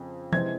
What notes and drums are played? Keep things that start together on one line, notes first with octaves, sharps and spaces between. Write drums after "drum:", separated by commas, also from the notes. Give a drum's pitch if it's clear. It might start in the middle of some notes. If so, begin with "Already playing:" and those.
Already playing: F2 C#3
C3 E3 G#3 C4 G#6, drum: tom F3